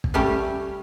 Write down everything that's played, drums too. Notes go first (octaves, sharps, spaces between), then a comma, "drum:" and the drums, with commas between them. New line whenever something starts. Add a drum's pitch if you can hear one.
drum: kick
G3 A3 C#4 G4